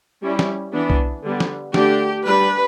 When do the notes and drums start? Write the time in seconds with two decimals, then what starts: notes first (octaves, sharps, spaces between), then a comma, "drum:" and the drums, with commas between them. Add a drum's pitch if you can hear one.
0.22 G3 C#4 E4
0.39 drum: snare
0.73 E3 B3 D4
0.90 drum: kick B1
1.23 D3 G3 B3
1.40 drum: snare
1.74 D3 A3 D4 G4, drum: snare
2.25 G3 D4 B4